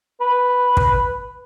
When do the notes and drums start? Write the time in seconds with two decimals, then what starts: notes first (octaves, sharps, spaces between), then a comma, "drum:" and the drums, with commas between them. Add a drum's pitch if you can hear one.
0.21 B4
0.77 drum: kick